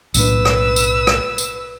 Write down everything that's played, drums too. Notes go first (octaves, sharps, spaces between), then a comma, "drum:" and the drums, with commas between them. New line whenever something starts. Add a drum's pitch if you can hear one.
B1 A2 D4 B4 E6, drum: tambourine
drum: rim click
drum: tambourine
drum: rim click
drum: tambourine